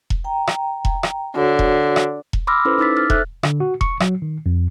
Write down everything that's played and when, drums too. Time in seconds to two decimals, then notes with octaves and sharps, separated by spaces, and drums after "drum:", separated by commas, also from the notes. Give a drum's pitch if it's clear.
0.10 drum: kick E1
0.24 G5 A#5
0.47 drum: rim click
0.85 drum: kick E1
1.03 drum: rim click
1.35 D3 F#4 C#5
1.59 drum: kick E1
1.96 drum: rim click
2.33 drum: kick E1
2.47 B5 C6 D6 E6 F6 A#6
2.65 C#4 E4 A4 B4 C5
2.78 D#4 D6 E6 A6 B6
2.97 F6 A6
3.10 A4 C5 E5 F#6, drum: kick E1
3.43 D3, drum: rim click
3.60 F#4
3.81 C#6, drum: kick E1
4.00 F#3, drum: rim click
4.22 D#3
4.46 F2